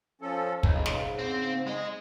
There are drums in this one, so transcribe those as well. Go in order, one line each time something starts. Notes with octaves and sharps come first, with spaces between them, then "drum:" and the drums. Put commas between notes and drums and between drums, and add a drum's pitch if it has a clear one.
F3 C#4 A4
B1 G#2 C#3, drum: kick
drum: snare
C4
G#3 D#5